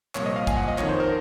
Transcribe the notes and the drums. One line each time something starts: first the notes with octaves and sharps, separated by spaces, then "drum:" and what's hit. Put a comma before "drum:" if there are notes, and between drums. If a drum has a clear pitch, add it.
C2 A#2 F3 C#5, drum: clap
D#5
F5
G#5, drum: kick, hi-hat
F#5
D#5
F2 D#3 C#5, drum: clap
C5
A#4